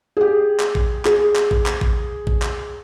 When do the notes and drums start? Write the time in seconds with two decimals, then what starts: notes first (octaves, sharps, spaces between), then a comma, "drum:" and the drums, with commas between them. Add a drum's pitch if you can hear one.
0.17 G4 G#4
0.60 drum: clap
0.75 drum: kick A1
1.05 G#4, drum: clap
1.36 drum: clap
1.51 drum: kick A1
1.66 drum: clap
1.81 drum: kick A1
2.27 drum: kick A1
2.42 drum: clap